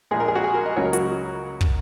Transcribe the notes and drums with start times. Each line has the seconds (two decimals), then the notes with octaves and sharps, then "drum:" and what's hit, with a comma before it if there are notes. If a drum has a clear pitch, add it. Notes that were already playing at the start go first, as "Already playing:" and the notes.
0.11 A#1 A#2 G#3 G#4
0.20 A#4
0.28 G#4
0.35 F#4
0.44 G#4
0.55 A#4
0.66 D#5
0.76 C#2 C#3 F#3 A#3 C#5
0.85 A#4
0.93 F#4, drum: hi-hat
1.61 drum: kick